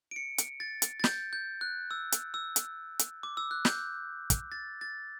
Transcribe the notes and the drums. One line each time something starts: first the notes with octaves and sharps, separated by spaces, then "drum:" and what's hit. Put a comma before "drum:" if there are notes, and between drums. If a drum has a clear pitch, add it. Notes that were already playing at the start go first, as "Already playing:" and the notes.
D7
C#7
drum: hi-hat
A6
drum: hi-hat
A6
G6, drum: snare
G6
F#6
E6
drum: hi-hat
E6
drum: hi-hat
drum: hi-hat
D6
E6
F#6
G6, drum: snare
drum: kick, hi-hat
A6
A6